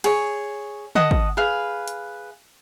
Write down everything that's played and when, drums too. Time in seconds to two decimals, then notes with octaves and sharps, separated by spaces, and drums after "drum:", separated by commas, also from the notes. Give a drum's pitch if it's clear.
0.04 G#4 C#5, drum: cymbal
0.95 D#5 F#5 A5 D#6, drum: tom D3
1.11 drum: kick
1.37 G#4 B4 F5
1.88 drum: hi-hat